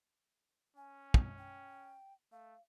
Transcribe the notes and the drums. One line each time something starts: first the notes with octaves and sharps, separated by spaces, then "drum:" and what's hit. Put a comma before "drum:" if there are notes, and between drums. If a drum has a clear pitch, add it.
C#4 G#5
drum: kick
G5
A3 F5